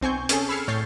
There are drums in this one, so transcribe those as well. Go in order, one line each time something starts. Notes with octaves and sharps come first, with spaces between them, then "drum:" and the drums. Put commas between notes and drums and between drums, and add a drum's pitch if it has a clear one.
B1 C4 G#5 C#6 G6
C#4 G#4 A4, drum: hi-hat
B5 E6 F6 G#6 C7 C#7
A2 C#5 G6 A6 C7